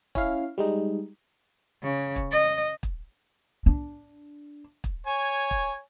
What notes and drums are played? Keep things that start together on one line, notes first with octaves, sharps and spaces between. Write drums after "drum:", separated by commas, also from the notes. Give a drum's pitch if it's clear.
C#4 E4 F5, drum: kick
G3 G#3 D#4
C#3
drum: kick
D#5
drum: kick
D4
drum: kick
C#5 G#5
drum: kick